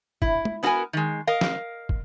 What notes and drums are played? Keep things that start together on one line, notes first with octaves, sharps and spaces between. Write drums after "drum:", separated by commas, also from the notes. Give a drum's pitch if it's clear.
E4, drum: kick
drum: tom
B3 C#4 F#4 A4 A#4 G#5
D#3 G#3
A#4 D#5 F5
drum: snare
drum: kick